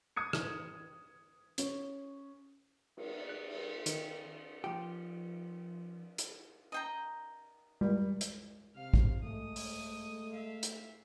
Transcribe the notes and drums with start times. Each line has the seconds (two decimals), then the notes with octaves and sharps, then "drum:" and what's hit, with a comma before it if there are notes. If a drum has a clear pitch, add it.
0.16 D#6 G#6 C#7
0.33 drum: rim click
1.58 C#4, drum: hi-hat
2.97 drum: cymbal
3.29 F#6
3.49 drum: cymbal
3.86 D#3, drum: hi-hat
4.64 F3 G4
6.18 drum: hi-hat
6.72 D#5 G5 A#5
7.81 G3, drum: tom G#3
8.21 drum: hi-hat
8.76 C3 F5 F6
8.94 drum: kick
9.23 G#3 A3 D#6
9.56 drum: open hi-hat
10.31 E5 F5
10.63 drum: hi-hat